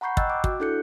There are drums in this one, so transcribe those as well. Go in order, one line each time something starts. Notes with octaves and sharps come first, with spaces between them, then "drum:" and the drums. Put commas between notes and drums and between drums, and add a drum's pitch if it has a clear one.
F#5 A#5 B5 C#6 G6 C7
D#5 G5 E6 F#6 G6 A6, drum: kick
D6
F#4, drum: kick
D4 E4 A4 F#6 G6 C#7